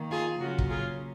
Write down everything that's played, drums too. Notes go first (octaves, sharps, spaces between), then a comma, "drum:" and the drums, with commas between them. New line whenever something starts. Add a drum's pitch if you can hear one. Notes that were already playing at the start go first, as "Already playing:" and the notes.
Already playing: D#3 A#3
F4 G#4
C#3 F#3 A#3 C#4 F4 F#4
drum: kick
F4 G#4